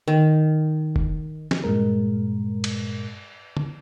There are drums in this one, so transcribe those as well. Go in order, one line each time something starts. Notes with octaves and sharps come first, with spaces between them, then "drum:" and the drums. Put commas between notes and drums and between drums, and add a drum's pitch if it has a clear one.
D#3
drum: kick F1
drum: snare
G2 A#2 G#3 A#4
drum: cymbal
drum: tom